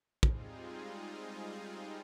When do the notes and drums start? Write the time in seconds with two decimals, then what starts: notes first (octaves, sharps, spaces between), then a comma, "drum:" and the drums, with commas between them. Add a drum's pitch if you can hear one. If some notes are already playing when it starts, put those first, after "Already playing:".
0.23 G3 G#3 C4 D#4 F4 G#4, drum: kick